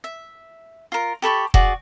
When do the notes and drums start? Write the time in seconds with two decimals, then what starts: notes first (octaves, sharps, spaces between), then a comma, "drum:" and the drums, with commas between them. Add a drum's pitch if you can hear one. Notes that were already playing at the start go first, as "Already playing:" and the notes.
0.04 E5
0.92 F4 A#4
1.22 G4 A4 B5 C#6
1.54 F#4 G#4 D5, drum: kick F1